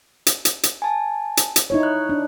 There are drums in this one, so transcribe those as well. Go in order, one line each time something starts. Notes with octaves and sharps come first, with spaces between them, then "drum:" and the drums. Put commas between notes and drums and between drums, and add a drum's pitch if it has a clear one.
drum: hi-hat
drum: hi-hat
drum: hi-hat
G#5 A5
drum: hi-hat
drum: hi-hat
D#4 E4 C#5
F#6
D4